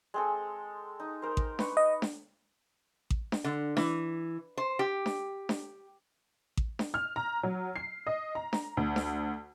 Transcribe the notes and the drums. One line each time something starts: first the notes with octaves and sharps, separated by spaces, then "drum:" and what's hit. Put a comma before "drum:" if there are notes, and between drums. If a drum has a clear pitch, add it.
G#3 C4 A4
D#4
A#4 C5
drum: kick A1
B4 C#6, drum: snare D4
D#5
drum: snare D4
drum: kick A1
drum: snare D4
D3
E3, drum: snare D4
C5
G4
drum: snare D4
drum: snare D4
drum: kick A1
drum: snare D4
F6
A#5
F#3
C7
D#5
A#5
drum: snare D4
D2
drum: snare D4